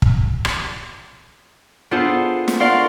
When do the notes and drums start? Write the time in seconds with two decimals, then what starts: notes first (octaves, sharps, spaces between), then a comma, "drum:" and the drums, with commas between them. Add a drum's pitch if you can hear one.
0.02 drum: kick
0.45 drum: rim click
1.91 B3 D4 F4 G#4 A4 C5
2.48 drum: snare
2.60 A#4 D5 F5 F#5 C6 C#6